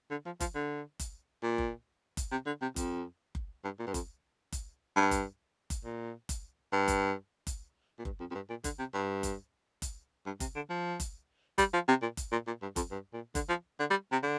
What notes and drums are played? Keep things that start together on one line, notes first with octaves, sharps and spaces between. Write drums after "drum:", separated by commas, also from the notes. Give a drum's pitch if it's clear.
D3
F3
F3, drum: kick F#1, hi-hat
D3
drum: kick F#1, hi-hat
A#2
drum: kick F#1
drum: kick F#1, hi-hat
C3
D3
C3
F2, drum: kick F#1, hi-hat
drum: kick F#1
G2
A#2
G2
F2, drum: kick F#1, hi-hat
drum: kick F#1, hi-hat
G2
drum: kick F#1, hi-hat
drum: kick F#1, hi-hat
A#2
drum: kick F#1, hi-hat
G2
drum: kick F#1, hi-hat
drum: kick F#1, hi-hat
A#2
G2, drum: kick F#1
F2
F2
G2
A#2
D3, drum: kick F#1, hi-hat
C3
G2
drum: kick F#1, hi-hat
drum: kick F#1, hi-hat
G2
C3, drum: kick F#1, hi-hat
D3
F3
drum: kick F#1, hi-hat
G3, drum: kick F#1, hi-hat
F3
C3
A#2
drum: kick F#1, hi-hat
A#2
A#2
G2
F2, drum: kick F#1, hi-hat
G2
A#2
D3, drum: kick F#1, hi-hat
F3
D3
G3
C3
D3